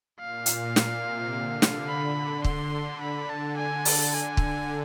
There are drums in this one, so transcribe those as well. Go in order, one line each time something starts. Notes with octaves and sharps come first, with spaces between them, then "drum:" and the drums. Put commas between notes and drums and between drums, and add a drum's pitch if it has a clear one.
A#2 F5
drum: hi-hat
A#2, drum: snare
C3
D3
drum: snare
B5
D3 C6, drum: kick
B5
A5
D3 G#5
A5, drum: open hi-hat
G#5
drum: kick